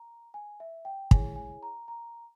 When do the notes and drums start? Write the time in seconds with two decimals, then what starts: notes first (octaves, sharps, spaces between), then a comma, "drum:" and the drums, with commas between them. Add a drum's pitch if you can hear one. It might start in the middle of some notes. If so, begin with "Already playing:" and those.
Already playing: A#5
0.34 G#5
0.60 E5
0.85 G5
1.11 E4 G#4 C#5 G#5, drum: kick
1.36 G#5
1.63 A#5
1.88 A#5